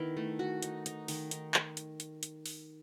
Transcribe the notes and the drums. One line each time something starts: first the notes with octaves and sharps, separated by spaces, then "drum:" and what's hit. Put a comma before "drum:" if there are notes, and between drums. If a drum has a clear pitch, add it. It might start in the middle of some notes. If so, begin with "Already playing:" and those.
Already playing: D#3 B3 E4
A3
F#4
D#4, drum: hi-hat
D#4, drum: hi-hat
D#3, drum: open hi-hat
D#4, drum: hi-hat
drum: clap
drum: hi-hat
drum: hi-hat
drum: hi-hat
drum: open hi-hat